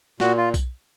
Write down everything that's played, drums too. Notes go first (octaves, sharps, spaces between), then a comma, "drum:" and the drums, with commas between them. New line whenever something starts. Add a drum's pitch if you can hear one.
A#2 F#4, drum: snare
F4
drum: kick B1, tambourine